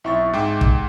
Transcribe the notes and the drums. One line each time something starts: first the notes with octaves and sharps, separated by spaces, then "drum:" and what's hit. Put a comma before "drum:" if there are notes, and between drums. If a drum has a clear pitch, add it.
B1 C4 E4 E5 C#6 A6
G#2 G5 D6
G4, drum: kick